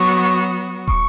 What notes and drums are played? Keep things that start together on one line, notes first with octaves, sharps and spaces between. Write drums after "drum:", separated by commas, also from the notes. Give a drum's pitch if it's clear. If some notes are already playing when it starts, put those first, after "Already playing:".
Already playing: F#3 B3 F#4 C#6
C#6, drum: kick